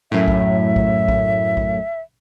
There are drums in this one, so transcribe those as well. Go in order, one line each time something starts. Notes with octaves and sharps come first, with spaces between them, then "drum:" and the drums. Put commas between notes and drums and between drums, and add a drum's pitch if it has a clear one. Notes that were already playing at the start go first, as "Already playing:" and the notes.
F#2 A2 E5
drum: kick A#1
drum: kick A#1
drum: kick A#1
drum: kick A#1